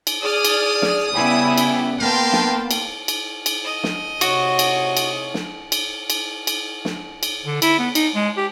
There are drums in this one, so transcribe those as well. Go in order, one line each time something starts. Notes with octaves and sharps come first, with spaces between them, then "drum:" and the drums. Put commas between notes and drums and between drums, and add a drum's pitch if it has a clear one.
drum: cymbal
G#4 D5 D#6 F6
drum: cymbal
drum: snare
C#3 G3 B3 E4 G#5
drum: cymbal
A#3 B3 G4 A#4 F5 G5 A5 C6
drum: snare
drum: cymbal
drum: cymbal
drum: cymbal
D#5
drum: snare
C3 F#4 C#5, drum: cymbal
drum: cymbal
drum: cymbal
drum: snare
drum: cymbal
drum: cymbal
drum: cymbal
drum: snare
drum: cymbal
D3
E4, drum: cymbal
B3
D#4, drum: cymbal
G#3
G4